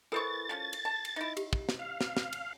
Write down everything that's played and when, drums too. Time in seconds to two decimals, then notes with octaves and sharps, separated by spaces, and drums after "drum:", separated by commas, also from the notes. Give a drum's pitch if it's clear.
0.12 E3 E4 A4 A#4 C5 C#6 A6
0.49 F3 C#4
0.73 drum: cymbal
0.85 A5
1.05 drum: cymbal
1.16 D#4 E4
1.37 G4, drum: cymbal
1.53 drum: kick
1.69 drum: snare
1.79 F5
2.01 drum: snare
2.17 drum: snare
2.33 drum: cymbal